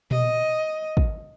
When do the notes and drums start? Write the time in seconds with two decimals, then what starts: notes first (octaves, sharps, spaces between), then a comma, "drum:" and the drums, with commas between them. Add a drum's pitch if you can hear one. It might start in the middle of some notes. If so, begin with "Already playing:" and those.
0.11 D#5, drum: tom A#2
0.97 drum: kick